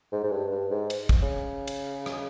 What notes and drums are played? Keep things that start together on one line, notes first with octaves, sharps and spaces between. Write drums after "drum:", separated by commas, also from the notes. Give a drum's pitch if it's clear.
G#2
G#2
G2
G2
G#2
drum: cymbal
drum: kick
C#3
drum: cymbal
drum: rim click